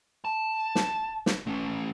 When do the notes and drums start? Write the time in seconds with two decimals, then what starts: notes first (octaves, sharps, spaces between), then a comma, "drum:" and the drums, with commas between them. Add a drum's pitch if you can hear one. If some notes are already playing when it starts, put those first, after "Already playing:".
0.25 A5
0.75 drum: snare
1.26 drum: snare
1.47 A3 C#4